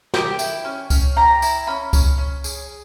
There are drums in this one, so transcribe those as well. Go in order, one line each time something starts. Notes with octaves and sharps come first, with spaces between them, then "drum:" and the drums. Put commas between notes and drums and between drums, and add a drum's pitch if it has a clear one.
G4 G5, drum: snare
E4, drum: tambourine
C#4
C#4, drum: kick C#2, tambourine
G4 A#5
E4, drum: tambourine
C#4 B5
C#4, drum: kick C#2, tambourine
C#4
G#4, drum: tambourine